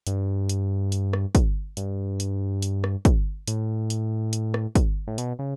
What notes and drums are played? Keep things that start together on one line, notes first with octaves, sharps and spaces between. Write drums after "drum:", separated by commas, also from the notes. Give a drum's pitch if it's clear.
G2, drum: hi-hat
drum: hi-hat
drum: hi-hat
drum: rim click
drum: kick, hi-hat
G2, drum: hi-hat
drum: hi-hat
drum: hi-hat
drum: rim click
drum: kick, hi-hat
A2, drum: hi-hat
drum: hi-hat
drum: hi-hat
drum: rim click
drum: kick, hi-hat
A2
B2, drum: hi-hat
C#3